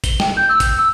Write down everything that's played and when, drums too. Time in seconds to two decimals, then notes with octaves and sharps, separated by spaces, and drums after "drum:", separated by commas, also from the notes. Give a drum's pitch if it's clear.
0.04 G7, drum: kick, hi-hat
0.20 G5, drum: snare
0.37 G6
0.49 E6
0.60 drum: kick, hi-hat
0.79 E6